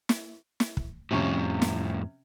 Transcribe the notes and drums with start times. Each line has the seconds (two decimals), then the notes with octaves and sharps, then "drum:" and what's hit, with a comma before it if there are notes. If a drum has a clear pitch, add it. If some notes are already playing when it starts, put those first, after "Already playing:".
0.09 drum: snare
0.60 drum: snare
0.77 drum: kick
1.11 F2 A2 C3 C#4
1.62 drum: snare